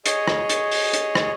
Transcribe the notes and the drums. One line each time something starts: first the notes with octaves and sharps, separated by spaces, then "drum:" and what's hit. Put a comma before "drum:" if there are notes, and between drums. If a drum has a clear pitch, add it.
G#4 C#5 D#5, drum: hi-hat
drum: rim click
drum: hi-hat
drum: open hi-hat
drum: hi-hat
drum: rim click